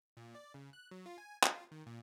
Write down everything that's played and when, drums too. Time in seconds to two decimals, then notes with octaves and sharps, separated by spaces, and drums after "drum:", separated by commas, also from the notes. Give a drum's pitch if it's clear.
0.17 A#2
0.35 D5
0.54 C#3
0.73 F#6
0.91 F#3
1.06 F4
1.18 G#5
1.43 F4, drum: clap
1.72 D#3
1.86 A#2